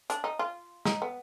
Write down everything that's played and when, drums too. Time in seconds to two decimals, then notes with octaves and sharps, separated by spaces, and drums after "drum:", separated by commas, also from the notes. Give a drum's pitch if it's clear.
0.10 D4, drum: hi-hat
0.24 D#4
0.39 F4
0.85 D#4, drum: snare
1.02 B3